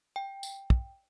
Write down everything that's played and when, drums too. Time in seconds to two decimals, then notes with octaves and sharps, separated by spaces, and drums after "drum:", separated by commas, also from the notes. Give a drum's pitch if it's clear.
0.16 G5
0.43 drum: tambourine
0.70 drum: kick